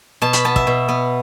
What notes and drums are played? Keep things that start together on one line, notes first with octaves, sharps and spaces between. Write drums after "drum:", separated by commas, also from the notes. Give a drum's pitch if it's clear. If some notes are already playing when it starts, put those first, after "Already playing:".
B2 A5
B5, drum: hi-hat
B3 A5
E5, drum: kick
B2
B3